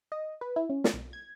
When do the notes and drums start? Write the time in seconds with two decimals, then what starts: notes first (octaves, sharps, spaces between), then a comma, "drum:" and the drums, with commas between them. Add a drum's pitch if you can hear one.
0.12 D#5
0.41 B4
0.56 E4
0.70 C#4
0.84 drum: snare
0.94 B1
1.13 G#6